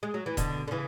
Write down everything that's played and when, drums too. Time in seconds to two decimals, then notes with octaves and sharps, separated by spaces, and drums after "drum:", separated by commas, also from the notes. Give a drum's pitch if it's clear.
0.03 G#3
0.14 F#3
0.26 E3
0.37 B2 D3, drum: kick D#1, hi-hat
0.68 D3
0.71 C#3 E3